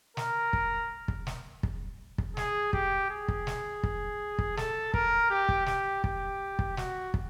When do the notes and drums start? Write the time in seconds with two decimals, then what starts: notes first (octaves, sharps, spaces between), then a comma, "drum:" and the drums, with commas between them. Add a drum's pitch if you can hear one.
0.17 A#4, drum: snare
0.53 drum: kick
1.08 drum: kick
1.27 drum: snare
1.63 drum: kick
2.18 drum: kick
2.37 G#4, drum: snare
2.73 G4, drum: kick
3.10 G#4
3.28 drum: kick
3.47 drum: snare
3.83 drum: kick
4.39 drum: kick
4.57 A4, drum: snare
4.94 A#4, drum: kick
5.30 G4
5.49 drum: kick
5.66 G4, drum: snare
6.04 G4, drum: kick
6.59 drum: kick
6.77 F#4, drum: snare
7.14 drum: kick